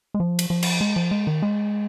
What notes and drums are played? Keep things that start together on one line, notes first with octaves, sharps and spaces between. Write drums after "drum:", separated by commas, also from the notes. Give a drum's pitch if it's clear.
G#3
F3
drum: cymbal
F3
drum: cymbal
G#3
F3
G#3
D#3
G#3